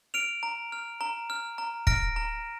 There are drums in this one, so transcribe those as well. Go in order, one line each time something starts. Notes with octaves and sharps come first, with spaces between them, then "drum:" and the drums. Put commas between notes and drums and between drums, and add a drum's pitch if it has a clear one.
F6 D7 F7
A#5
F6
A#5
F6
A#5
F6 A#6 D7, drum: kick
A#5